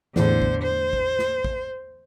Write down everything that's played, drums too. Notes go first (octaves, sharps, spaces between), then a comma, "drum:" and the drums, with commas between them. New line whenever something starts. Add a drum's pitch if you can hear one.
E2 A2 D3 C5, drum: snare
drum: kick
C5
drum: kick
drum: snare
drum: kick